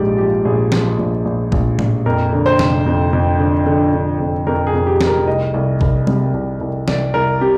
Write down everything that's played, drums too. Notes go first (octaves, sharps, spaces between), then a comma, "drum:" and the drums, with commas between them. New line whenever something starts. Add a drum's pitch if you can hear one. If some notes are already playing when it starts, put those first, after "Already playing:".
Already playing: A#1 G#2 F3 G4 D5
F3 G4
A#1 G#4
F3, drum: snare
A#1
A#1
A#1, drum: kick A1
A#1, drum: tom A2
F2 A#4
D3
C5
F1, drum: snare
F2
F2
D3
D3
D3
F2
F2 A#4
G#4
F2
G4
F1, drum: snare
A#4
C2 D#5
C2
C2, drum: kick A1
C3, drum: tom G3
C2
C2
C2 D5, drum: snare
C2 A#4
C3 G4